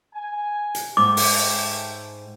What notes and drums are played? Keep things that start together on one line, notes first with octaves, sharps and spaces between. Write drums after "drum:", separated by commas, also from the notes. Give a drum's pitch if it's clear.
G#5
drum: hi-hat
G#2 A3 C#4 G5 D6
drum: open hi-hat